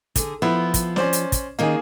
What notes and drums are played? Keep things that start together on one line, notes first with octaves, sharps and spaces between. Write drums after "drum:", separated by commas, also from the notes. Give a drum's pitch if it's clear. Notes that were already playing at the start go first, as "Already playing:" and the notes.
D3 G#4, drum: kick, hi-hat
F3 B3 E4 F4
drum: kick, hi-hat
C#4 C5 D5, drum: snare
drum: hi-hat
drum: kick, hi-hat
D#3 A#3 C#4 G#4 D#5